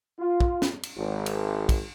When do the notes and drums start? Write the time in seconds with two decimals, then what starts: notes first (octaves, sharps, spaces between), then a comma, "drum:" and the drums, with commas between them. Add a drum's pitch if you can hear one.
0.19 F4
0.41 drum: kick
0.62 drum: snare
0.83 drum: cymbal
0.96 G#1
1.26 drum: cymbal
1.69 drum: kick, cymbal